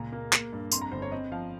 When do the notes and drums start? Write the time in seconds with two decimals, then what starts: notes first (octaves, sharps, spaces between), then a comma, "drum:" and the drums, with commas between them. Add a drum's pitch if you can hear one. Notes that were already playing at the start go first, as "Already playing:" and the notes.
Already playing: C#2 A#2 A#5
0.12 A#3
0.33 A#3, drum: clap
0.53 G2
0.72 F2 C6, drum: tambourine
0.82 A#5
0.92 G1 C5
1.02 C#5
1.11 C4 D#5
1.32 F3 F5